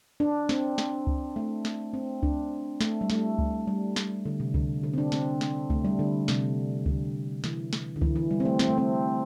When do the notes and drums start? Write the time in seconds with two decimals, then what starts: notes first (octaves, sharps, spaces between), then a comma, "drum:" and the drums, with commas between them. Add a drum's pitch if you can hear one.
0.20 D4
0.49 C4, drum: snare
0.78 drum: snare
1.07 drum: kick C#2
1.36 A3
1.65 drum: snare
1.94 C4
2.23 D4, drum: kick C#2
2.81 A3, drum: snare
3.01 G3
3.10 A3, drum: snare
3.39 drum: kick C#2
3.67 G3
3.96 drum: snare
4.26 D3
4.40 C3
4.54 D3, drum: kick C#2
4.83 D3
4.94 C4
4.98 D4
5.12 C4, drum: snare
5.41 drum: snare
5.70 A3, drum: kick C#2
5.84 G3
5.99 D3
6.28 C3, drum: snare
6.86 D3, drum: kick C#2
7.44 E3, drum: snare
7.73 drum: snare
7.96 D3
8.01 E3, drum: kick C#2
8.16 E3
8.31 G3
8.40 C4
8.45 A3
8.59 C4, drum: snare
8.69 A3
8.78 C4